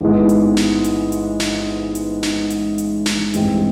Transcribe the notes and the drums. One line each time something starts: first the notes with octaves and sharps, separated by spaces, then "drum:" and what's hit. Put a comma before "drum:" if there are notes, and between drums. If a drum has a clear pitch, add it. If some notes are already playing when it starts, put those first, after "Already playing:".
A1 G#2 E3 G#3 B3
drum: hi-hat
drum: snare
drum: hi-hat
drum: hi-hat
drum: snare
drum: hi-hat
drum: snare
drum: hi-hat
drum: hi-hat
drum: snare
A1 G2 E3 G#3 C4, drum: hi-hat